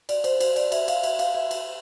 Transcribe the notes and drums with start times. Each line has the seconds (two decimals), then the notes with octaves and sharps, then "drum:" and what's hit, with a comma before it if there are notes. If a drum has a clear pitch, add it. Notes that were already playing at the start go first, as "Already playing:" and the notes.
0.09 D5, drum: cymbal
0.24 C5, drum: cymbal
0.40 C5, drum: cymbal
0.56 D5, drum: cymbal
0.72 E5, drum: cymbal
0.88 F5, drum: cymbal
1.03 E5, drum: cymbal
1.19 F5, drum: cymbal
1.35 E5
1.51 drum: cymbal